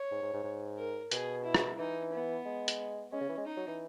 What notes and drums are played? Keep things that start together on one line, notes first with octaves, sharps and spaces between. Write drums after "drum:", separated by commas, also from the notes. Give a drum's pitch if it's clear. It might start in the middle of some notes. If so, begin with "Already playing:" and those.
Already playing: C#5
G#2
G#2
G#2
G#2
A#4
B2 G#4, drum: hi-hat
E4
drum: rim click
E3 D#4
B3
G#3
drum: hi-hat
G#3 C#4
C#3
E3
G#3
D#4
F#3
E3